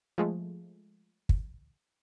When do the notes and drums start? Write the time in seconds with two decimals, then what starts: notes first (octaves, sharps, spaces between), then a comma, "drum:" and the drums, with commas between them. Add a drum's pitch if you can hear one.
0.18 F3 G#3 A3
1.29 drum: kick